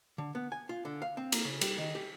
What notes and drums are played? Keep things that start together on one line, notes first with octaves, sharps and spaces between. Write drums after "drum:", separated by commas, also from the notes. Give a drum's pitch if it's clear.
D3
B3
G#5
F4
D3
F5
C4
A#3, drum: cymbal
C#3
G3, drum: cymbal
D#3
G4